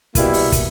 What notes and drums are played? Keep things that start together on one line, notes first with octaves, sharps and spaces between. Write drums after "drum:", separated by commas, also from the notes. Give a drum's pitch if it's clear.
B2 G3 A#3 E4, drum: kick, hi-hat
drum: open hi-hat
drum: kick, hi-hat